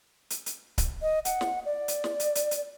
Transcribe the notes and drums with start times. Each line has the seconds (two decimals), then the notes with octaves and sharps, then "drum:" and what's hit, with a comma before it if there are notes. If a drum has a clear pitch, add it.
0.30 drum: hi-hat
0.46 drum: hi-hat
0.78 drum: kick C#1, hi-hat
1.02 D#5
1.25 F#5, drum: hi-hat
1.41 drum: snare
1.65 D5
1.88 drum: hi-hat
2.04 drum: snare
2.20 drum: hi-hat
2.35 drum: hi-hat
2.51 drum: hi-hat